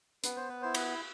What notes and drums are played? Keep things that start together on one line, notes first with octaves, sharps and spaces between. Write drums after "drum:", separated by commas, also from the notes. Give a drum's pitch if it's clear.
B3 B4, drum: hi-hat
C5
B4
E4 C5
B4, drum: cymbal